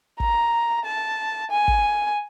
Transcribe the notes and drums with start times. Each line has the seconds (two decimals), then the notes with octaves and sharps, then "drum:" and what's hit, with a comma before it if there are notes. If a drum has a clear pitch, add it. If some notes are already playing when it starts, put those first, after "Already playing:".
0.20 A#5, drum: kick
0.85 A5
1.51 G#5
1.68 drum: kick